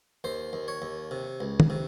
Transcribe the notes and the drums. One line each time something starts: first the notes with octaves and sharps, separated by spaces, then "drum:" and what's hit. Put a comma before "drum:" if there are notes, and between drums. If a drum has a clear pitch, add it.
D#2 C5
D#2
C#5
D#2
C3
C#2
drum: tom
C3